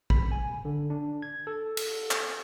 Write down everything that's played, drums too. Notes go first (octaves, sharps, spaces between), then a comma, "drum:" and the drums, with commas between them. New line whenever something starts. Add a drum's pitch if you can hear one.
B5, drum: kick
G#5
D3
D4
G#6
A4
drum: cymbal
drum: clap